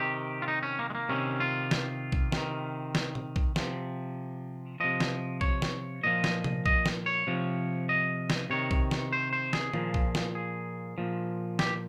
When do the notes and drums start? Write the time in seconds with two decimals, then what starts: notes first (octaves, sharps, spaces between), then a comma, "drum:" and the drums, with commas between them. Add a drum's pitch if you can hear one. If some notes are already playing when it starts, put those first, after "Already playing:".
Already playing: C3 D#3 G4
0.42 F4
0.48 D#4
0.63 C#4
0.79 A#3
0.90 G#3
0.95 A#3
1.09 C3 D#3 C#4
1.40 F4
1.71 drum: snare
2.12 drum: kick A#1
2.32 C3 D#3, drum: snare
2.95 drum: snare
3.15 drum: tom A#2
3.36 drum: kick A#1
3.56 C3 F3, drum: snare
4.80 C3 F3 D#5
5.00 drum: snare
5.41 C#5, drum: kick A#1
5.62 drum: snare
6.03 A#2 F3 D#5
6.24 drum: snare
6.44 drum: tom C3
6.66 D#5, drum: kick A#1
6.86 drum: snare
7.06 C#5
7.27 C3 F3
7.89 D#5
8.30 drum: snare
8.50 C3 D#3 C#5
8.71 drum: kick A#1
8.91 drum: snare
9.13 C5
9.33 C5
9.53 G#4, drum: snare
9.74 A#2 F3, drum: tom D#3
9.94 drum: kick A#1
10.15 drum: snare
10.35 G#4
10.98 A#2 F3
11.59 G4, drum: snare